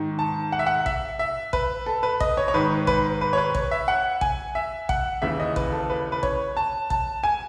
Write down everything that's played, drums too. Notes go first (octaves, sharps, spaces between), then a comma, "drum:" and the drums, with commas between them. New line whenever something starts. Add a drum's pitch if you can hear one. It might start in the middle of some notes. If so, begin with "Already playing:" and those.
Already playing: G#2 D#3
A5
F#5
E5
F#5
E5, drum: kick
E5
B4, drum: kick
A4
B4
D#5, drum: kick
C#5
C#5
G#2 D#3 B4
B4, drum: kick
B4
C#5
B4
C#5, drum: kick
E5
F#5
G#5, drum: kick
E5
F#5, drum: kick
D#2 C#3 E3 E5
D#5
B4, drum: kick
A4
B4
B4
C#5, drum: kick
A5
A5, drum: kick
G#5